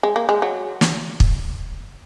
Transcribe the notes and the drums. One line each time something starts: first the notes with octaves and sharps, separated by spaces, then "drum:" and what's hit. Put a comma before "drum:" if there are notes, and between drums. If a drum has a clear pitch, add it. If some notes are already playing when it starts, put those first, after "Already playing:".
G#3
A#3
G#3
F#3
drum: snare
drum: kick